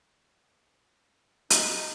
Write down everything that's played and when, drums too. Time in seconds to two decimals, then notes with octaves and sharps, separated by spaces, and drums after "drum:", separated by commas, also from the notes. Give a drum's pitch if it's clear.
1.50 D#4, drum: hi-hat